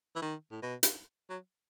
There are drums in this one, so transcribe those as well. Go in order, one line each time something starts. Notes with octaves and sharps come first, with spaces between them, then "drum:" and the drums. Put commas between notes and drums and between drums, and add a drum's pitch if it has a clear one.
E3
D#3
A2
B2
drum: hi-hat
F#3